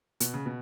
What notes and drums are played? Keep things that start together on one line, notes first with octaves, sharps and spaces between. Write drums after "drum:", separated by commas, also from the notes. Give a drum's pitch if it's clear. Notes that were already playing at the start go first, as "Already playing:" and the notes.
B2, drum: hi-hat
C#3
B2